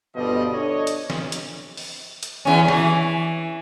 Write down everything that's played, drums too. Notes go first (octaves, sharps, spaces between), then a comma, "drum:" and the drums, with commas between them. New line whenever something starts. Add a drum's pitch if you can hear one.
G1 B2 F3 G3 D#5
D4 A4 C#5 D#5
drum: hi-hat
drum: snare
drum: hi-hat
drum: open hi-hat
drum: hi-hat
E2 C#4
E3, drum: snare